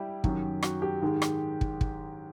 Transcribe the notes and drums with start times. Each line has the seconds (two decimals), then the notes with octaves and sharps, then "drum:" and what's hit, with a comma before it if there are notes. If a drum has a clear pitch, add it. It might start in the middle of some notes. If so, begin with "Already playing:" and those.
Already playing: G3 E4 G4
0.24 F#2 D#3 F#3, drum: kick
0.63 F#4, drum: rim click
0.82 G4
1.02 G#2 D#3 G#3
1.22 drum: rim click
1.61 drum: kick
1.81 drum: kick